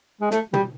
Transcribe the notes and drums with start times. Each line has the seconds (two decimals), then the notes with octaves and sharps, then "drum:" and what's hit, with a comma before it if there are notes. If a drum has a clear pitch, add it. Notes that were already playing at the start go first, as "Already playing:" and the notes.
0.21 G#3
0.31 A3, drum: snare
0.53 G3, drum: tom